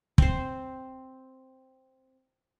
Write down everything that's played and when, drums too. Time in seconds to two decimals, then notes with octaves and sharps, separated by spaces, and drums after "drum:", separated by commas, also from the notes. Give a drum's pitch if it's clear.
0.18 C4 C5, drum: kick